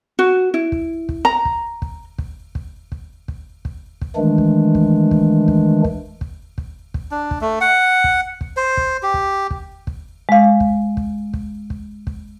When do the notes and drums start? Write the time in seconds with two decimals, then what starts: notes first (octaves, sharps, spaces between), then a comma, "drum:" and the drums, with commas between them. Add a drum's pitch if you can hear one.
0.19 F#4
0.54 E4
0.72 drum: kick
1.09 drum: kick
1.25 A#5
1.45 drum: kick
1.82 drum: kick
2.18 drum: kick
2.55 drum: kick
2.92 drum: kick
3.28 drum: kick
3.65 drum: kick
4.01 drum: kick
4.16 D#3 E3 G#3 A3 D4
4.38 drum: kick
4.75 drum: kick
5.11 drum: kick
5.48 drum: kick
5.85 drum: kick
6.21 drum: kick
6.58 drum: kick
6.94 drum: kick
7.11 D4
7.31 drum: kick
7.41 A3
7.61 F#5
8.04 drum: kick
8.41 drum: kick
8.57 C5
8.77 drum: kick
9.03 G4
9.14 drum: kick
9.51 drum: kick
9.87 drum: kick
10.29 G#3 F5
10.60 drum: kick
10.97 drum: kick
11.34 drum: kick
11.70 drum: kick
12.07 drum: kick